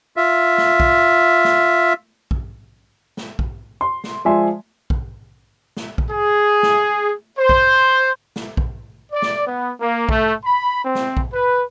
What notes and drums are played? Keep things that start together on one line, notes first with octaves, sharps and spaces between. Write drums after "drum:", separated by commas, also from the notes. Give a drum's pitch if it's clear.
F4 E5
drum: snare
drum: kick
drum: snare
drum: kick
drum: snare
drum: kick
C6
drum: snare
F3 G#3 D5 E5 G#5 C6
drum: kick
drum: snare
drum: kick
G#4
drum: snare
C5
drum: kick
drum: snare
drum: kick
D5
drum: snare
B3
A#3
A3, drum: kick
B5
C4
drum: snare
drum: kick
B4